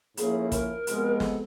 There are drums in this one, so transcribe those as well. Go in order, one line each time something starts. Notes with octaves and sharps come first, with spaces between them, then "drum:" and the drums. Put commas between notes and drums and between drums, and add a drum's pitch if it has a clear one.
A2 F3 A#3 C#4 E4 G#4, drum: hi-hat
A#4, drum: kick, hi-hat
C2 C3 F3 G#3 B3, drum: hi-hat
A4, drum: snare